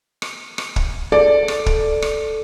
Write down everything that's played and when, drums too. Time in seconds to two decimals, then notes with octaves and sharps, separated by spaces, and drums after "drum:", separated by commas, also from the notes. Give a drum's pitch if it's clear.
0.22 drum: rim click
0.58 drum: rim click
0.76 drum: kick
1.12 A4 D5
1.48 drum: rim click
1.66 drum: kick
2.02 drum: rim click